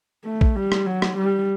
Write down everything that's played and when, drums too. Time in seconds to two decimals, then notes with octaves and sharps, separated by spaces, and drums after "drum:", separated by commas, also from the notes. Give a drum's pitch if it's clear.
0.25 A3
0.41 drum: kick
0.56 G3
0.72 drum: rim click
0.86 F#3
1.02 drum: rim click
1.17 G3